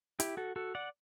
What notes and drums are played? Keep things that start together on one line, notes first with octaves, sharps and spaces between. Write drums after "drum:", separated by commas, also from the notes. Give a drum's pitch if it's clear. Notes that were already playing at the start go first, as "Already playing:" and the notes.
E4 G4, drum: hi-hat
F#4 A4
F#4 A4
D5 F#5